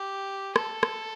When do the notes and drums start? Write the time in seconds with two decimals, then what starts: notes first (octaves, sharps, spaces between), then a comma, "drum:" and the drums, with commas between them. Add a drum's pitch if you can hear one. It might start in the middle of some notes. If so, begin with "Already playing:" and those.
Already playing: G4
0.56 A4, drum: rim click
0.83 drum: rim click